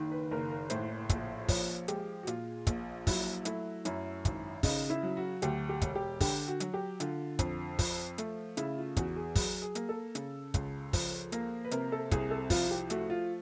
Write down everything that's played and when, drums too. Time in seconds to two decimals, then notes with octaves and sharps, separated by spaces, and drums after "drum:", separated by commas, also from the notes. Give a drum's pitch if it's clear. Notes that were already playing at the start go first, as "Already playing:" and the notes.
Already playing: F#1 D#3
0.12 B4
0.31 F#1 A#4
0.50 A#4
0.70 A2 C5, drum: hi-hat
1.10 A#1, drum: kick, hi-hat
1.49 F3 C#5, drum: kick, open hi-hat
1.88 G#3 G4, drum: hi-hat
2.23 F#4
2.27 A#2 F4, drum: hi-hat
2.67 A#1, drum: kick, hi-hat
3.07 F#3 E4, drum: kick, open hi-hat
3.45 A3 E4, drum: hi-hat
3.85 F#2 E4, drum: hi-hat
4.25 G#1, drum: kick, hi-hat
4.63 C#3 D#4, drum: kick, open hi-hat
4.90 E4
5.03 F#3
5.17 F#4
5.42 D2 G4, drum: hi-hat
5.69 G4
5.82 E1, drum: kick, hi-hat
5.95 G4
6.21 D3 G4, drum: kick, open hi-hat
6.48 F#4
6.60 F#3, drum: hi-hat
6.74 G4
7.00 D3 F4, drum: hi-hat
7.39 F2, drum: kick, hi-hat
7.79 F3, drum: kick, open hi-hat
8.18 A3, drum: hi-hat
8.57 C#3 E4, drum: hi-hat
8.77 F4
8.97 E2 F#4, drum: kick, hi-hat
9.16 G#4
9.36 F#3 G#4, drum: kick, open hi-hat
9.62 G#4
9.75 A#3, drum: hi-hat
9.89 A4
10.15 C#3, drum: hi-hat
10.54 C#2, drum: kick, hi-hat
10.93 F3, drum: kick, open hi-hat
11.32 A#3, drum: hi-hat
11.65 B4
11.71 C3 A#4, drum: hi-hat
11.92 A4
12.11 C2 G#4, drum: kick, hi-hat
12.31 A4
12.50 F3 F4, drum: kick, open hi-hat
12.71 G4
12.90 A3 F#4, drum: hi-hat
13.10 F4